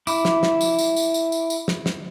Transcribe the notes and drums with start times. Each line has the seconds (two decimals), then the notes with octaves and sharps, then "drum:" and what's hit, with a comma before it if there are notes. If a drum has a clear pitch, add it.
0.07 E4 D6, drum: tambourine
0.25 drum: snare
0.43 drum: snare
0.61 drum: tambourine
0.79 drum: tambourine
0.96 drum: tambourine
1.14 drum: tambourine
1.32 drum: tambourine
1.50 drum: tambourine
1.68 drum: snare
1.86 drum: snare